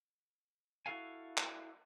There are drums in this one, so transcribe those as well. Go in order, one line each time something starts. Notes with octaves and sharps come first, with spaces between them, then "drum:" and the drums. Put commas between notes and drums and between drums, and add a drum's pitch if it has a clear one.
E4 F#4 A4 F5 G#5
drum: clap